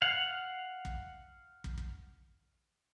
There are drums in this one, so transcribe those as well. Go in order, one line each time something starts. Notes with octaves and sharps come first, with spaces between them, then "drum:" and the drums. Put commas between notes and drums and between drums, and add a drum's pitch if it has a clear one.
F5 F#5
drum: kick
drum: kick
drum: kick